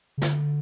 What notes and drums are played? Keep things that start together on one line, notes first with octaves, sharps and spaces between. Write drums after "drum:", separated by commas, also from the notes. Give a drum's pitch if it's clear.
C#3
D3, drum: snare